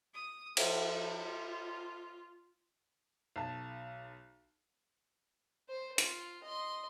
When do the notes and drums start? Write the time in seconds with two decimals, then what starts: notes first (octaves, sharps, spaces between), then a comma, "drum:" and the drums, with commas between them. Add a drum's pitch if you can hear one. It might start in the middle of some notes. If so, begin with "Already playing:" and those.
0.14 D#6
0.57 F3, drum: cymbal
1.24 F4
3.36 B1 A5
5.69 C5
5.98 F4, drum: hi-hat
6.44 D#5 C6